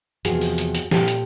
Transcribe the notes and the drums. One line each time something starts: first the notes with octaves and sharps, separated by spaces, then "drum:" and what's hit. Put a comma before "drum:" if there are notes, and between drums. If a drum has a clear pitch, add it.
E2 C3 F3 F#4 G#4, drum: hi-hat
drum: open hi-hat
drum: hi-hat
drum: hi-hat
A#2 G3 G4 A4, drum: snare
drum: hi-hat